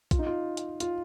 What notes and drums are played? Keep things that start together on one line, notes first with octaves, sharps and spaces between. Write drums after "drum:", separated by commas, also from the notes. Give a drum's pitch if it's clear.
F4, drum: kick, hi-hat
D#4
F4
drum: hi-hat
F4, drum: hi-hat